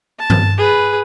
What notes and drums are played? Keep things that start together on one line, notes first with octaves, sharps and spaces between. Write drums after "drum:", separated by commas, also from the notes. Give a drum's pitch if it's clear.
A5
drum: tom G2
G#4 B4